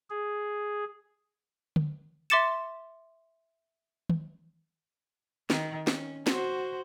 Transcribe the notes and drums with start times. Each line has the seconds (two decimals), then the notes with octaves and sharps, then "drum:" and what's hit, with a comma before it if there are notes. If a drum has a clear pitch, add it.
0.10 G#4
1.76 drum: tom
2.30 E5 C6 D6 A6 C#7 E7
4.09 drum: tom D#3
5.50 D#3, drum: snare
5.87 C#4, drum: snare
6.27 F#4 C5, drum: snare